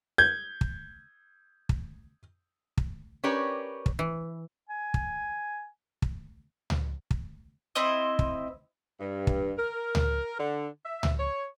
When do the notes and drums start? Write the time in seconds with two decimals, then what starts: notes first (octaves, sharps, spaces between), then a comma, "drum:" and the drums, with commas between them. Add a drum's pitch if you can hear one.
0.18 G6 G#6
0.61 drum: kick
1.69 drum: kick
2.77 drum: kick
3.24 C#4 G4 A#4 B4 C#5 D5
3.86 drum: kick
3.99 E3
4.69 G#5
4.94 drum: kick
6.02 drum: kick
6.70 drum: tom C#2
7.11 drum: kick
7.75 C4 E4 C5 D#5
8.19 drum: kick
9.00 G2
9.27 drum: kick
9.58 A#4
9.95 drum: tom C#2
10.39 D3
10.85 E5
11.03 drum: tom C#2
11.20 C#5